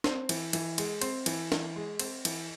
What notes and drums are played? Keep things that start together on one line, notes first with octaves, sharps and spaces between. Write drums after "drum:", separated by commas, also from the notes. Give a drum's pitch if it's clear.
C4, drum: snare
E3, drum: cymbal
E3, drum: cymbal
G#3, drum: cymbal
C4, drum: cymbal
E3, drum: cymbal
E3, drum: snare
G#3
C4, drum: cymbal
E3, drum: cymbal